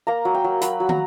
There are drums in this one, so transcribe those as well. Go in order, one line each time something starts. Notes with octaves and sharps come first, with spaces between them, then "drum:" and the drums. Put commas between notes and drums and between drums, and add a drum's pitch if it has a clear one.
A#3 A#5
F#3
G5
F#3
F#3 B5, drum: hi-hat
F#3
A#5, drum: tom